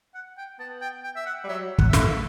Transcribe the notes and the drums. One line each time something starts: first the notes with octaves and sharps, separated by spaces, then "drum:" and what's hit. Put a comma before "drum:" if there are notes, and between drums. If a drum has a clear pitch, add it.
F#5
G5
B3 A5
G5
G5
E5
F#5
G3
F#3 E5
F#5, drum: kick
E5
A3 F#5, drum: snare
E5